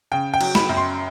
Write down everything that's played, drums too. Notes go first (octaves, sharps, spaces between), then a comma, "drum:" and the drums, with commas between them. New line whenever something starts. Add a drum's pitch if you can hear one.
C#3 G5
G5
F#3, drum: cymbal
B5, drum: snare
F#2
C6